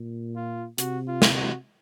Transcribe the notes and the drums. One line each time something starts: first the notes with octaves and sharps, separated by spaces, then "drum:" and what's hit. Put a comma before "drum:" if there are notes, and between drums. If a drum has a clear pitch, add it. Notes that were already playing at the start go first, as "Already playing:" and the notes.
Already playing: A#2
F4
C3 F#4, drum: hi-hat
F4
drum: snare
F#4